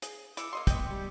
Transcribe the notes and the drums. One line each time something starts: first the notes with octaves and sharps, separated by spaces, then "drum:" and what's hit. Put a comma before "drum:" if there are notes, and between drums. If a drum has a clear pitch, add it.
G#4, drum: hi-hat
E3 E4 D6 E6 C#7, drum: hi-hat
A#3 D#5 C6
B3 D#5 G5, drum: kick, hi-hat
G3